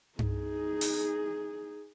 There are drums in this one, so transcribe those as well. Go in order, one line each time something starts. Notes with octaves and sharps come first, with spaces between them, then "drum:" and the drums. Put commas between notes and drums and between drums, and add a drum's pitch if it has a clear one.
D#4 G#4, drum: tom G2
drum: open hi-hat